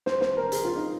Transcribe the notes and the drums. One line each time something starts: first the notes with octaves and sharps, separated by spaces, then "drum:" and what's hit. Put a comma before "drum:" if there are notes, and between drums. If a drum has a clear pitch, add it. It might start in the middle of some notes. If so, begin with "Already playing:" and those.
C5, drum: snare
C5, drum: snare
A#4
G#4, drum: hi-hat
F4
D#4